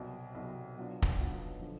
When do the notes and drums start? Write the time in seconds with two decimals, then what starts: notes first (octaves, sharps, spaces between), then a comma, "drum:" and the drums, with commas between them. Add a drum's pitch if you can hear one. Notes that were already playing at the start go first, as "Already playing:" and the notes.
Already playing: C2 B2 F#3
0.35 C2 B2 F#3
0.77 B2 F#3 B3 D4 F4
1.02 drum: kick
1.19 B2 F#3 B3 D4 F4
1.61 D3 F3